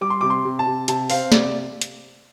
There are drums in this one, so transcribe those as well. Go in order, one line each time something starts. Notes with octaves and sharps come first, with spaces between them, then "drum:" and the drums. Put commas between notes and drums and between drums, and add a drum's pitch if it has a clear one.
G3 D6
C6
C3 D6
C6
C3
A5
C3
C3 A5, drum: hi-hat
C4 F5, drum: open hi-hat
C3 D5, drum: snare
drum: hi-hat